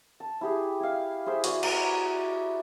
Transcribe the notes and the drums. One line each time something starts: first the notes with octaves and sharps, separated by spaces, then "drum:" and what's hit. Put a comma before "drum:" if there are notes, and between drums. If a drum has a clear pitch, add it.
A5
E4 G4 G#4
E4 F5
E4 G#4 C5 E5
F#4 D5 E6, drum: hi-hat
A#5 D6, drum: cymbal